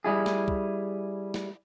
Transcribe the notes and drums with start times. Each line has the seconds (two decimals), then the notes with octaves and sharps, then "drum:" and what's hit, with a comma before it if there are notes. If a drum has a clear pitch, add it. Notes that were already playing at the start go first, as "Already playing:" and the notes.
0.04 G3 E4 G#4
0.26 drum: snare
0.48 drum: kick
1.34 drum: snare